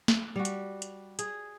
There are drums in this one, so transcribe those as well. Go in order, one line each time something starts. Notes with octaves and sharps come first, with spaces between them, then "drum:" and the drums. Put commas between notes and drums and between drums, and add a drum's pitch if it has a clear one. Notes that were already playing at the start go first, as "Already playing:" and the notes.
drum: snare
G3 F#4
drum: hi-hat
drum: hi-hat
G#4, drum: hi-hat